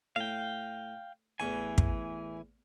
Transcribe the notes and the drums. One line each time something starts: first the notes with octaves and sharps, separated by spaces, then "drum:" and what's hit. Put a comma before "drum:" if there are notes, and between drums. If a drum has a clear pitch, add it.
A2 F5 G5
A1 E2 E3 G#5 C#6
drum: kick